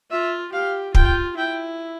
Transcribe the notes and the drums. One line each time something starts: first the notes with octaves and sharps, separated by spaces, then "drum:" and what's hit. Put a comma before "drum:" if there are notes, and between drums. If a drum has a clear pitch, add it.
F4 E5
G4 F5
F4 G5, drum: kick
E4 G5